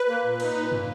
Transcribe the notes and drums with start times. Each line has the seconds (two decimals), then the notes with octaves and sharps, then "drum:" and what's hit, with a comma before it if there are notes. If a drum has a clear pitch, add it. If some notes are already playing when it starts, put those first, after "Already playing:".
Already playing: B4
0.09 A#3
0.24 A#2
0.40 D#4, drum: cymbal
0.56 A#2
0.72 A#3, drum: tom